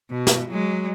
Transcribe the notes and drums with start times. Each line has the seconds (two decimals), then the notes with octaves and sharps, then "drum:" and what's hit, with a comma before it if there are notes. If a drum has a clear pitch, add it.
0.11 B2
0.27 drum: snare
0.51 F#3 G#3